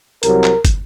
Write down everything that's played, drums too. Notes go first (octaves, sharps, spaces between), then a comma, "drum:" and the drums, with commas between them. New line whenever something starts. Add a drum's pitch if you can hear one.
C2 C3 F#3 A#4, drum: hi-hat
drum: clap
drum: kick, hi-hat